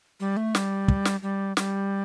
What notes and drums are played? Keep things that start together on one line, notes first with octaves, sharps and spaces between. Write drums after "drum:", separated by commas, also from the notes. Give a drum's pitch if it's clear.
G3
A3
G3, drum: snare
drum: kick
drum: snare
G3
G3, drum: snare